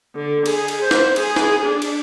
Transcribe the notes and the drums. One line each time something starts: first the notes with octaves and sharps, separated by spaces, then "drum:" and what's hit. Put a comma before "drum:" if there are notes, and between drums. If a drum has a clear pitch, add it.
D3
G#4, drum: cymbal
drum: cymbal
C5
drum: snare
G#4, drum: cymbal
drum: snare
D4
drum: cymbal